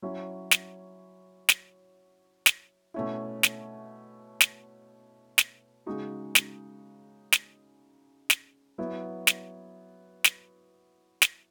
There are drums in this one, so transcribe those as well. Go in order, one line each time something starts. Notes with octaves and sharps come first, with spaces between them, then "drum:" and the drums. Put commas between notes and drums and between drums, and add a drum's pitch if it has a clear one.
F#3 C#4 E4
drum: snare
drum: snare
drum: snare
B2 A3 C#4 E4
drum: snare
drum: snare
drum: snare
C#3 G#3 D#4 F#4
drum: snare
drum: snare
drum: snare
F#3 B3 E4
drum: snare
drum: snare
drum: snare